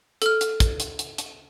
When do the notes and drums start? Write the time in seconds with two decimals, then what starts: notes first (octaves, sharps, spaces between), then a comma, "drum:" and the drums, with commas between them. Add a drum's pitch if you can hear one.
0.22 A4 F6, drum: hi-hat
0.41 drum: hi-hat
0.60 drum: kick, hi-hat
0.80 drum: hi-hat
0.99 drum: hi-hat
1.18 drum: hi-hat